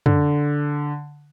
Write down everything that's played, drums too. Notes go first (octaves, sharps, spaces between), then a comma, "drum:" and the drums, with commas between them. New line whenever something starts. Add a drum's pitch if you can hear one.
D3, drum: tom